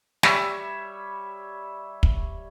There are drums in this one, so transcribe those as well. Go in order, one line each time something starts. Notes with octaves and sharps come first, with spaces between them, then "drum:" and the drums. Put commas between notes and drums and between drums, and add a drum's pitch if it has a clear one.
G3 C#5 E5, drum: snare
drum: kick